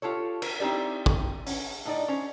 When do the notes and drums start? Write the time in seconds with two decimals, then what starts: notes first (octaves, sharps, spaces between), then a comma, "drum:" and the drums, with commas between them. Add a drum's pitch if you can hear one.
0.02 F4 G4 A4 C#5
0.42 A#4, drum: cymbal
0.60 C4 D#4 E4 G4 D5
1.06 drum: kick
1.46 C#4, drum: open hi-hat
1.85 A2 D#4 D5
2.08 C#4 C5